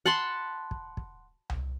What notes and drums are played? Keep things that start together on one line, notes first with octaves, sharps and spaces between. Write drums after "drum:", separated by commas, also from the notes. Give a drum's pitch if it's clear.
F#5 A5 B5 C6
drum: kick
drum: kick
drum: tom C2